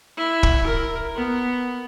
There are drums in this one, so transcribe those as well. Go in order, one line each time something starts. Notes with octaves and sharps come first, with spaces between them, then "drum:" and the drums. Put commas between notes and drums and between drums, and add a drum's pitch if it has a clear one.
E4
drum: kick
A#4
B3